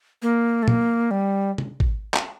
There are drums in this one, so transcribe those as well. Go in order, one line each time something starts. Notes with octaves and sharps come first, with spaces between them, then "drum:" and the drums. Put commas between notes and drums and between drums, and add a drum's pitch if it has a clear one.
A#3
A3
A#3, drum: tom A#2
G3
drum: tom
drum: kick G#1
drum: clap